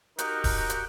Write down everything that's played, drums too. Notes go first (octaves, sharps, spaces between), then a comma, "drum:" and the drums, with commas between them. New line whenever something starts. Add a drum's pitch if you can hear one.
D#4 F#4 G4 A#4, drum: hi-hat
drum: kick D1, open hi-hat
drum: hi-hat